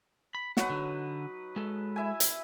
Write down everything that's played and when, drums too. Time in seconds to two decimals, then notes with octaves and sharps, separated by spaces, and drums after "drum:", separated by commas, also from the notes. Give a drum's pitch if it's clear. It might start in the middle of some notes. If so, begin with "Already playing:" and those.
0.35 B5
0.57 F#3 D#4 B4 F#5, drum: snare
0.70 D3
1.56 G#3 A4
1.96 E4 E5 G#5
2.20 drum: hi-hat